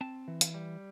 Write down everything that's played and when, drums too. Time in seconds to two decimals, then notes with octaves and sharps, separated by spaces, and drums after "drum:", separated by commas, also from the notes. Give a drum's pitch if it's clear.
0.01 C4 A5
0.28 E3
0.41 drum: hi-hat
0.54 G3